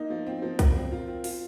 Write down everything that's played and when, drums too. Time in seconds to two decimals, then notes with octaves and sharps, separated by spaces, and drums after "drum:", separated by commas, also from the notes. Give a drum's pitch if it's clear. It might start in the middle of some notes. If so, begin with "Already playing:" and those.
Already playing: A#3 D#4
0.10 F3
0.26 C4
0.42 F3
0.59 A#4, drum: kick, hi-hat
0.75 C4
0.92 F4
1.08 C4
1.24 F4, drum: open hi-hat